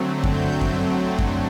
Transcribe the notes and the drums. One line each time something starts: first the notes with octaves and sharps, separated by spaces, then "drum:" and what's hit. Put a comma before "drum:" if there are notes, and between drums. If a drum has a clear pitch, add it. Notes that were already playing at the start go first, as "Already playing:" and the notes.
Already playing: D3 F#3 A3 C4
G6, drum: kick F#2
drum: kick F#2
drum: kick F#2